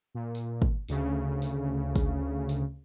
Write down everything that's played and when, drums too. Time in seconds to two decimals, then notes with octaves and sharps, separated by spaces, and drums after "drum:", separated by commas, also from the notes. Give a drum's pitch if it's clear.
0.15 A#2
0.35 drum: tambourine
0.62 drum: kick
0.88 D2 C#3, drum: tambourine
1.42 drum: tambourine
1.96 drum: kick, tambourine
2.49 drum: tambourine